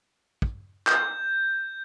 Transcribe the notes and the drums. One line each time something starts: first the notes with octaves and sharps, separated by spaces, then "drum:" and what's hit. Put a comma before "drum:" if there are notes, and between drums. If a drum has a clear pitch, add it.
drum: kick
G6, drum: clap